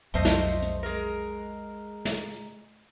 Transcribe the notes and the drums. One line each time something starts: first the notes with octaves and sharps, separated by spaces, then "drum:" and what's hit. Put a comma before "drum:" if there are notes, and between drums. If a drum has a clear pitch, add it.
B1 F2 F#3 A3 C5 D#5
drum: snare
drum: hi-hat
G#3 A#4
drum: snare